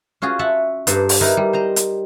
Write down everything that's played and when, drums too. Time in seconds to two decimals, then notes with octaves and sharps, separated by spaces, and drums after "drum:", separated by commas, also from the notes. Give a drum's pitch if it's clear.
0.22 C#4 F4 F#4 G#4
0.39 E5 F#5 A5
0.87 G2 A4 B4 C5 A#5, drum: hi-hat
1.09 drum: open hi-hat
1.21 D#4 E4 G#4 A#4 B4
1.37 G3
1.53 C5 D#5 A#5
1.76 drum: hi-hat